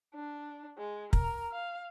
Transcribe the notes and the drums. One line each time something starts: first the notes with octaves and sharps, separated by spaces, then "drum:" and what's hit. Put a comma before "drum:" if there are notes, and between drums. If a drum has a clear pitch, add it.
D4
G#3
A#4, drum: kick
F5